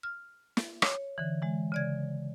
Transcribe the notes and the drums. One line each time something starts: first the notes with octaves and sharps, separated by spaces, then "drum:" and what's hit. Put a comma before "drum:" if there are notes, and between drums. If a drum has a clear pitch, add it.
F6
drum: snare
C#5, drum: rim click
D3 E3
E3 G#3
C#3 D5 G#6